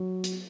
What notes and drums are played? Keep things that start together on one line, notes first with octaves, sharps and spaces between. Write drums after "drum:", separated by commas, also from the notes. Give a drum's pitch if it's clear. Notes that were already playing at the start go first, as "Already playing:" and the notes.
Already playing: F#3
drum: hi-hat